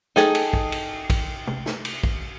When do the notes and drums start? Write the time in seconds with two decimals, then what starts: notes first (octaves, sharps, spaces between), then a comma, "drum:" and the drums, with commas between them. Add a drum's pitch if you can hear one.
0.16 D#4 G#4 A4 G5, drum: snare
0.35 drum: cymbal
0.53 drum: kick
0.72 drum: cymbal
1.10 drum: kick, cymbal
1.47 drum: tom
1.66 drum: snare
1.85 drum: cymbal
2.03 drum: kick